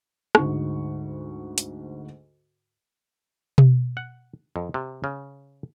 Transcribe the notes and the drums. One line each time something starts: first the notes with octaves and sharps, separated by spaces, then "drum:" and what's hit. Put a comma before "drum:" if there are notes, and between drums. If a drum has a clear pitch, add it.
D2 G#2 C#6, drum: rim click
drum: hi-hat
drum: tom B2
F#5
F2
C3
C#3